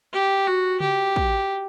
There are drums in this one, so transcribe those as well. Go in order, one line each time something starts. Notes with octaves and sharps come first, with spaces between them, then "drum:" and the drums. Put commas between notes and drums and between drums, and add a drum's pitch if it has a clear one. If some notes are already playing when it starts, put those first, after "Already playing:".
G4
F#4
G4, drum: tom C#3
drum: kick